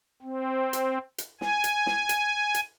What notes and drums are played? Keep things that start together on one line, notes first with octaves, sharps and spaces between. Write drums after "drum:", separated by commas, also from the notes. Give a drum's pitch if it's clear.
C4
drum: hi-hat
drum: hi-hat
G#5, drum: snare
drum: hi-hat
drum: snare
drum: hi-hat
drum: hi-hat